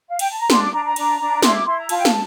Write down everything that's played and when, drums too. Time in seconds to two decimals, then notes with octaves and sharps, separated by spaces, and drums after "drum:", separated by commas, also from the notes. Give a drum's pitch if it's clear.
0.08 F5
0.19 G5, drum: cymbal
0.30 A5
0.39 A#5
0.50 D4 C6, drum: snare
0.62 D6
0.73 D4 A#5
0.85 A#5
0.96 D4, drum: cymbal
1.20 D4
1.42 E4 C6, drum: snare
1.54 D6
1.66 E4 C6
1.77 A#5
1.89 F4 A5, drum: cymbal
1.97 G5
2.05 A5, drum: snare